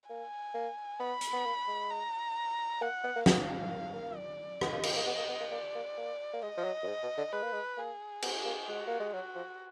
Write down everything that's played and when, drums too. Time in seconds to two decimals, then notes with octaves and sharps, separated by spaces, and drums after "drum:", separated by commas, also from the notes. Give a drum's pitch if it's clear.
0.10 A#3 G#5
0.54 A#3
1.00 B3 B5
1.21 drum: hi-hat
1.33 B3
1.46 A#3
1.67 G#3
1.90 A#5
2.81 A#3 F#5
3.04 B3
3.16 A#3
3.26 B3 F5, drum: snare
3.71 A#3
3.93 A#3
4.16 D5
4.61 B3 D#5, drum: rim click
4.72 A#3
4.83 A#3, drum: cymbal
4.96 A#3
5.06 B3
5.18 A#3
5.29 B3
5.40 A#3
5.51 A#3 D5
5.75 A#3
5.97 A#3
6.33 A#3
6.42 G#3 D#5
6.57 F3
6.64 F#3
6.83 F#2
6.87 G#2
7.03 B2
7.17 D3
7.33 G#3 B4
7.42 A#3
7.52 G#3
7.77 A#3 G#4
8.22 B3, drum: cymbal
8.45 A#3
8.68 G#3 F#4
8.87 A#3
9.00 G#3
9.13 F#3 F#4
9.35 F3